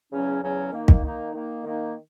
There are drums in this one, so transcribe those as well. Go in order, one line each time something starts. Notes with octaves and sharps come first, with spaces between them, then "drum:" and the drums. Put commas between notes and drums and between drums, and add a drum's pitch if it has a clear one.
E2 C#3 F#3 C#4
E2 C#3 F#3 C#4
D#3 A#3 D#4
drum: kick
D#3 A#3 D#4
D#3 A#3 D#4
D#3 A#3 D#4